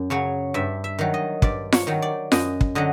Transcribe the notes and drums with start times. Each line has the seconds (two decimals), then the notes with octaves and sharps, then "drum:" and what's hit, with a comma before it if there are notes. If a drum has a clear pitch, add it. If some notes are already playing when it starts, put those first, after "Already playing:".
Already playing: F#2
0.10 C#3 F#3 C#5
0.54 G2 E5
0.84 E5
0.99 D#3 F#3
1.14 D#5
1.42 G2 D5, drum: kick
1.72 C#5, drum: snare F4
1.87 D#3 F#3
2.02 D5
2.32 F#2 D#5, drum: snare F4
2.61 drum: kick
2.75 D3 F#3 D#5